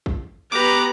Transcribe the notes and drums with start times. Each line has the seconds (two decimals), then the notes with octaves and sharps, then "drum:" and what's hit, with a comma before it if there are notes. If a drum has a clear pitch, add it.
0.06 drum: kick
0.52 B3 G4 B4 A#5 D6